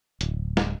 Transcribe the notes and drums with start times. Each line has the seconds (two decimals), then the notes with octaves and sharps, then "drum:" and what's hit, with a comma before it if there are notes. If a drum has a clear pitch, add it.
0.21 D1, drum: hi-hat
0.57 drum: snare